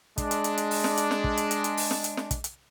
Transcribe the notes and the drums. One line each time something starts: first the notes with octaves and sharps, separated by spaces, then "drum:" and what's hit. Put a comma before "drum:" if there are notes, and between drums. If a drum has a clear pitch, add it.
G#3 D4, drum: kick, hi-hat
drum: hi-hat
drum: hi-hat
drum: hi-hat
drum: open hi-hat
drum: snare
drum: hi-hat
drum: snare
drum: kick
drum: hi-hat
drum: hi-hat
drum: hi-hat
drum: open hi-hat
drum: snare
drum: hi-hat
drum: snare
drum: kick, hi-hat
drum: hi-hat